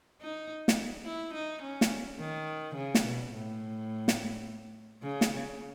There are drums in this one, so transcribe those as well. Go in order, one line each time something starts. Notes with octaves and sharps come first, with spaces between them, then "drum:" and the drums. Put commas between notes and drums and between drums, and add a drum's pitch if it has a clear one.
D#4
drum: snare
E4
D#4
C#4
drum: snare
D#3
C#3
drum: snare
B2
A2
drum: snare
C#3
drum: snare
C#3